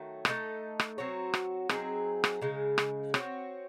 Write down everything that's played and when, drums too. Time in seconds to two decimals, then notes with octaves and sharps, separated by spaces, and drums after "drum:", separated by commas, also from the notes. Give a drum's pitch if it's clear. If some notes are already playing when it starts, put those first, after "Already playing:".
Already playing: D#3 F#3 A3
0.25 A3 D#4 A4 D#5, drum: rim click
0.79 drum: rim click
0.98 F#3 C4 F#4 C#5
1.34 drum: rim click
1.69 F#3 C4 D#4 G#4, drum: rim click
2.24 drum: rim click
2.42 C#3 G#3 D#4
2.78 drum: rim click
3.14 C4 F#4 C#5, drum: rim click